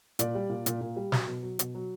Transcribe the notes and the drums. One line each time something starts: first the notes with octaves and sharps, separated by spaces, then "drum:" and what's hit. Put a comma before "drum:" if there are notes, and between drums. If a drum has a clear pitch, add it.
A#2 D5, drum: hi-hat
G3
A#2
A#2, drum: hi-hat
A#2
G3
F#3, drum: snare
B2
F#3
B2, drum: hi-hat
F#3